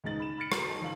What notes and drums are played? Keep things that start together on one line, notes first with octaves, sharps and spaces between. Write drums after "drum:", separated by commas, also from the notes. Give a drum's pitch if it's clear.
C#2 G#2 G#3 D#4 A6 F#7
B5 E7
B5 F6 A6 C#7 F#7
F#3 A#5, drum: rim click
D#4 G#5 A5
F#1 F3 F5 A5 F#7